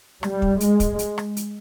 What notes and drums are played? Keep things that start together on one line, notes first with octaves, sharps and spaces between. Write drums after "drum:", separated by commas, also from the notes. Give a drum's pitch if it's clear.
G3, drum: rim click
drum: kick
G#3, drum: hi-hat
drum: kick, hi-hat
drum: hi-hat
drum: rim click
drum: hi-hat